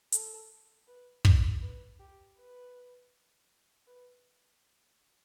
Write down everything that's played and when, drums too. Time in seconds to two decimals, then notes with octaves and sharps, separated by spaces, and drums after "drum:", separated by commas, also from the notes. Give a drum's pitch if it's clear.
0.12 A4, drum: hi-hat
0.87 B4
1.25 D5, drum: kick
1.62 B4
1.99 G4
2.37 B4
3.87 B4